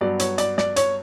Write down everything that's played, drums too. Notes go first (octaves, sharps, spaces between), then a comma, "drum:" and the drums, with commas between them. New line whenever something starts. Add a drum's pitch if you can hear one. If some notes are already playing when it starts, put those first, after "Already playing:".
G2 F#3 B3 D5
C#5, drum: hi-hat
D5, drum: hi-hat
D5, drum: snare
C#5, drum: hi-hat